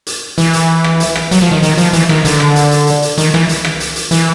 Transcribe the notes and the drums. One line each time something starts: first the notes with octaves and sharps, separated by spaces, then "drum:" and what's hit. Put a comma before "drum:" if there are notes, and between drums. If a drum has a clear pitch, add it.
drum: hi-hat
E3, drum: hi-hat
drum: hi-hat
drum: rim click
drum: hi-hat
drum: rim click
F#3, drum: hi-hat
F3
D#3
D#3, drum: hi-hat
F3, drum: hi-hat
E3, drum: hi-hat
D#3, drum: rim click
D3, drum: hi-hat
drum: rim click
drum: hi-hat
drum: hi-hat
drum: hi-hat
drum: hi-hat
D#3, drum: hi-hat
E3, drum: rim click
drum: hi-hat
drum: rim click
drum: hi-hat
drum: hi-hat
E3, drum: hi-hat